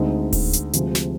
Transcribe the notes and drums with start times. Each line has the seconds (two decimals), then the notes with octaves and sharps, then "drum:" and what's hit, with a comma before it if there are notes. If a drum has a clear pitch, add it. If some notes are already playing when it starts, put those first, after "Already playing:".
Already playing: D2 D3 G#3 C4 D#4
0.33 drum: kick D#1, open hi-hat
0.53 drum: hi-hat
0.73 D2 C3 F3 G#3, drum: hi-hat
0.95 drum: snare